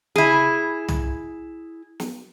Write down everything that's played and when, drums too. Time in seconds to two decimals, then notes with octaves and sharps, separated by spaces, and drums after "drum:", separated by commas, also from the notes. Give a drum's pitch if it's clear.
0.16 E4 G#4, drum: tom C#3
0.88 drum: tom
2.00 drum: snare